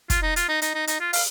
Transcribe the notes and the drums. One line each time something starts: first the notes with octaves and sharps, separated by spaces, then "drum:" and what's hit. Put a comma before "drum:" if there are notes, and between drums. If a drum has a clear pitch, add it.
F4, drum: kick, hi-hat
D#4
F4, drum: hi-hat
D#4
D#4, drum: hi-hat
D#4
D#4, drum: hi-hat
F4
F5, drum: open hi-hat